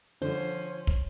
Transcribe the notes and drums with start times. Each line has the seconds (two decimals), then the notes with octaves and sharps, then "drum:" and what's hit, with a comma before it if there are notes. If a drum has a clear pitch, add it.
0.22 D3 F3 C#4 C5
0.87 drum: kick